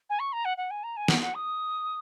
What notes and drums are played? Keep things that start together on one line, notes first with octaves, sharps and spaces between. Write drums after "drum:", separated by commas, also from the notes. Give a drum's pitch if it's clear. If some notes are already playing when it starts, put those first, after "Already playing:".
G#5
C#6
A#5
F#5
F#5
G#5
A#5
G#5
F#5, drum: snare
F#5
D#6